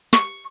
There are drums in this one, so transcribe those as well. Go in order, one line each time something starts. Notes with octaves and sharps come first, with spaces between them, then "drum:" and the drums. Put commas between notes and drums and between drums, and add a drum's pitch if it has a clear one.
C#6, drum: snare